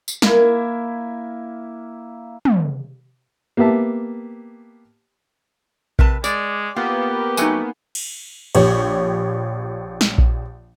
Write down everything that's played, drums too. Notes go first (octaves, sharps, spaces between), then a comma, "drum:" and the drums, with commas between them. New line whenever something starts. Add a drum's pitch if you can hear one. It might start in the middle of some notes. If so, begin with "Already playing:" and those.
drum: tambourine
A#3 E4, drum: snare
drum: tom
A#3 B3 G4 E5 A5
C3 A#4 B4 A5, drum: kick A#1
G#3 D5 A6, drum: tambourine
A#3 B3 F4 G4
F#3 A3 D#4 B4 G#5, drum: tambourine
drum: cymbal
A#1 G4 C#5, drum: cymbal
drum: snare
drum: kick A#1